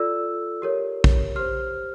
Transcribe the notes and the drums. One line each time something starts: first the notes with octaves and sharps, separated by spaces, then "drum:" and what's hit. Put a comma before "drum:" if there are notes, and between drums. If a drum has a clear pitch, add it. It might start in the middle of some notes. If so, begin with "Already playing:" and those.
Already playing: F4 A4 D5 E6
G4 A#4 C#5
drum: kick
G4 C5 F6